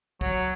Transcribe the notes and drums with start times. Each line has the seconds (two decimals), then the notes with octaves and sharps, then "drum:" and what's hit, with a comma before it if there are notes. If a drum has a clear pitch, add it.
0.21 F#3, drum: kick